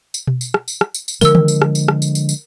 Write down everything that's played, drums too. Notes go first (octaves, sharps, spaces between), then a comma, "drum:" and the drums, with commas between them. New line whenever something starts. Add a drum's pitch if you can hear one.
drum: tambourine
drum: tom B2
drum: tambourine
drum: rim click
drum: tambourine
drum: rim click
drum: tambourine
drum: tambourine
D3 F3 G#3 A#4 E6, drum: tambourine
drum: tom D#3
drum: tambourine
drum: rim click
drum: tambourine
drum: rim click
drum: tambourine
drum: tambourine
drum: tambourine